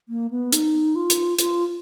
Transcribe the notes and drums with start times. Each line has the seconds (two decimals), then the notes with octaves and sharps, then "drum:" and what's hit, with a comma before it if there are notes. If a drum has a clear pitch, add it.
0.09 A#3
0.30 B3
0.52 D#4, drum: hi-hat
0.95 F4
1.10 drum: hi-hat
1.39 F4, drum: hi-hat